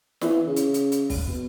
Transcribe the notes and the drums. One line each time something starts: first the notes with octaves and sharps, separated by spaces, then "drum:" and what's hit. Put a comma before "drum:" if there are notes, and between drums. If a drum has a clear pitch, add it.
E3, drum: snare
C#3
drum: hi-hat
drum: hi-hat
drum: hi-hat
drum: kick, open hi-hat
B2